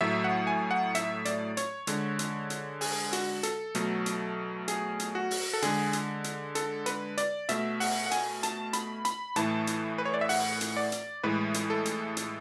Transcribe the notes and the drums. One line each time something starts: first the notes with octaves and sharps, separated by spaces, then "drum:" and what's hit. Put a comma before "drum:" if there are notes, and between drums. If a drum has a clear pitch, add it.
A2 F#3 A3 E5
F#5
G#5
F#5
E5, drum: hi-hat
D5, drum: hi-hat
C#5, drum: hi-hat
D3 G#3, drum: hi-hat
drum: hi-hat
drum: hi-hat
G#4, drum: open hi-hat
F#4, drum: hi-hat
A4, drum: hi-hat
B2 F#3 A3, drum: hi-hat
drum: hi-hat
G#4, drum: hi-hat
drum: hi-hat
F#4
drum: open hi-hat
A4
D3 G#3 G#4, drum: hi-hat
drum: hi-hat
drum: hi-hat
A4, drum: hi-hat
B4, drum: hi-hat
D5, drum: hi-hat
B2 A3 E5, drum: hi-hat
F#5, drum: open hi-hat
F#5
G#5, drum: hi-hat
A5, drum: hi-hat
B5, drum: hi-hat
B5, drum: hi-hat
A2 E3 A3 A5, drum: hi-hat
drum: hi-hat
B4
C#5
D5
E5
F#5, drum: open hi-hat
drum: hi-hat
D5
drum: hi-hat
A2 E3 G#3 B4
drum: hi-hat
A4
drum: hi-hat
drum: hi-hat